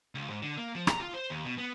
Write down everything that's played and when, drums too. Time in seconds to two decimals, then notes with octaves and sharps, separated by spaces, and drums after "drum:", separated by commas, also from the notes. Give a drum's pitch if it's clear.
0.15 C#2
0.30 G#2
0.42 D3
0.58 A#3
0.75 F3
0.87 A#5, drum: rim click
1.00 F4
1.14 C5
1.30 D#2
1.45 B2
1.58 B3